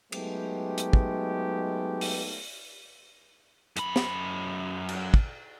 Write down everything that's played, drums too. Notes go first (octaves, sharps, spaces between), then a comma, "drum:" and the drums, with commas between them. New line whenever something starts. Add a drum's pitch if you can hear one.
F#3 G#3 A3 B3 D#4 G4, drum: cymbal
drum: hi-hat
drum: kick
drum: open hi-hat
F#2 B5, drum: hi-hat
drum: snare
drum: cymbal
drum: kick